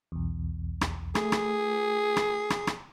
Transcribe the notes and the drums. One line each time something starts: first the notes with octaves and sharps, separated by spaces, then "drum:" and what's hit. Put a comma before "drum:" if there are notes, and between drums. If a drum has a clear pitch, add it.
B1 E2
drum: rim click
A3 G#4, drum: rim click
drum: rim click
drum: rim click
drum: rim click
drum: rim click